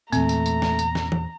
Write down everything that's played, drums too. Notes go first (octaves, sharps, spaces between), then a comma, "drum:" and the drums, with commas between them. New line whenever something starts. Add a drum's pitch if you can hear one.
E2 A#2 A3 C4 A#5, drum: tambourine
drum: tambourine
drum: tambourine
drum: snare
drum: tambourine
drum: snare
drum: tom